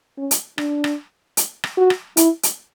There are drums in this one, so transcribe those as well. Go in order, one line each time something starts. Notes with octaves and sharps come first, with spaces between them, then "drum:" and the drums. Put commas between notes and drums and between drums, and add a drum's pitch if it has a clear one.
C#4
drum: hi-hat
D4, drum: rim click
drum: rim click
drum: hi-hat
drum: rim click
F#4
drum: rim click
E4, drum: hi-hat
drum: hi-hat